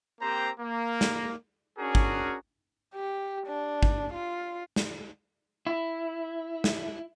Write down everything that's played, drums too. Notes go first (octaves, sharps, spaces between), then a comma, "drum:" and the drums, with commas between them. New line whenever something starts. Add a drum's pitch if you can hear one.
A#3 C4 G4 C5 A#5
A#3
drum: snare
C#4 D4 F#4 G#4 A#4
drum: kick G#1
G4
D4
drum: kick G#1
F4
drum: snare
E4
drum: snare